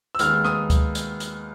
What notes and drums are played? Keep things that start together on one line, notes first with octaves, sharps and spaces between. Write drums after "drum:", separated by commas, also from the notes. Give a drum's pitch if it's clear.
E6
D#2 D#3 G#3 B3 F6, drum: hi-hat
D#6, drum: rim click
drum: kick D2, hi-hat
drum: hi-hat
drum: hi-hat